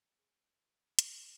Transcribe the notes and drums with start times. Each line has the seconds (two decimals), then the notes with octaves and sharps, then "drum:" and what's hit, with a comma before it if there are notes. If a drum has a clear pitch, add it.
0.15 E4 G#4 C5
0.99 drum: hi-hat